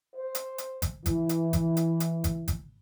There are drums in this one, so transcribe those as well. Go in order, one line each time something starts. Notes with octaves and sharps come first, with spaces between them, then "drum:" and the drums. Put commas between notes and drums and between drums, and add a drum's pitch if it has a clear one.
C5
drum: hi-hat
drum: hi-hat
drum: kick G#1, hi-hat
E3, drum: kick G#1, hi-hat
drum: hi-hat
drum: kick G#1, hi-hat
drum: hi-hat
drum: hi-hat
drum: kick G#1, hi-hat
drum: kick G#1, hi-hat